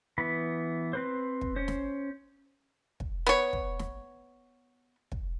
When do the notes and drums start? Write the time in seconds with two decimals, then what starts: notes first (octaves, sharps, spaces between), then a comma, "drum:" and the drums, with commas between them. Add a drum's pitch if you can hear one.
0.18 E3 B3 B5
0.93 C4 B4 C5
1.41 drum: kick
1.56 C#4 C5
1.68 drum: snare
3.00 drum: kick
3.27 B3 C#5
3.53 drum: kick
3.79 drum: snare
5.12 drum: kick